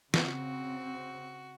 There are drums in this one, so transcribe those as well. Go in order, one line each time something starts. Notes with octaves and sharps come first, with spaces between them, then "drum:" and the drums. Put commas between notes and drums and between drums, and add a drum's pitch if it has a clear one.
C#3 C4 F#4, drum: snare